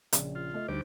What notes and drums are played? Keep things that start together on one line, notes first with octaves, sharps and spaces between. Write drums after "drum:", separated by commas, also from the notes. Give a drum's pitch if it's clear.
A#1 C#3, drum: hi-hat
F4
A3 D#5
D2 G3 D#4 C5 D6